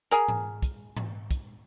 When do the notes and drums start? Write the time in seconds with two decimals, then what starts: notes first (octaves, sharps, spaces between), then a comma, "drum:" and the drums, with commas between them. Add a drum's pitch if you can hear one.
0.11 G#4 A#4
0.28 drum: tom G#2
0.62 drum: kick, hi-hat
0.97 drum: tom G#2
1.31 drum: kick, hi-hat